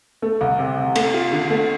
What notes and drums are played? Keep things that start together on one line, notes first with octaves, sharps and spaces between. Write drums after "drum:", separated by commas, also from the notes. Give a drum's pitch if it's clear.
A3
C2
C3
C3
A3, drum: cymbal
F4
D3
A3